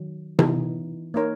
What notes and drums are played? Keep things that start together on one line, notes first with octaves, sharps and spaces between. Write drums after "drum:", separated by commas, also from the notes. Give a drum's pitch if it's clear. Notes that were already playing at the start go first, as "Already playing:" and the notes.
Already playing: D#3 F#3
E3 B3 D#4, drum: tom C3
A#3 D#4 A#4 C#5